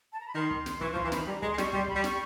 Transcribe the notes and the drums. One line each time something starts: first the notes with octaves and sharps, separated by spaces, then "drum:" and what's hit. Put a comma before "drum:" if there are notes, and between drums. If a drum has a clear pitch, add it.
A5
A#5
B5
D#3 C6
drum: kick
drum: snare
E3 C#6, drum: kick
F3
C6, drum: kick
E3 A#5
D#3 B5, drum: snare
G3 A#5
G#3 C6, drum: kick
G#3
G3 C#6, drum: snare
G3 C6, drum: kick
B5, drum: kick
G3
C#6, drum: snare